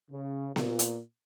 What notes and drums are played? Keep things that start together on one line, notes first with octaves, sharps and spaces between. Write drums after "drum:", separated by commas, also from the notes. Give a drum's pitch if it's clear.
C#3
A#2, drum: snare B3
drum: hi-hat